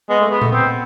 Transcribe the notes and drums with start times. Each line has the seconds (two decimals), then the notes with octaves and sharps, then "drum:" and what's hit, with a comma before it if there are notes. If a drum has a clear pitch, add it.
0.09 G#3 B3
0.20 A3
0.30 G#3 B3
0.42 A3, drum: tom A#2
0.52 B3 C4